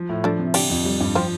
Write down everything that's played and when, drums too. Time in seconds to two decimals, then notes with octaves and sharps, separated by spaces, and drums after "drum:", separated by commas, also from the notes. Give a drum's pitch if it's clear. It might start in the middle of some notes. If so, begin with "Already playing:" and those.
Already playing: F3
0.09 A2
0.24 F3 A3 D4
0.39 C3
0.54 D3 D4 G4, drum: cymbal
0.70 F2
0.85 G3
1.01 G2
1.15 F3 C4 F4